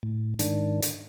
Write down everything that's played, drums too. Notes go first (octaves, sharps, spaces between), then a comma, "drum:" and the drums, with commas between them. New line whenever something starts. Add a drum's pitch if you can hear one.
A2
G#2 D#3 D4, drum: hi-hat
drum: hi-hat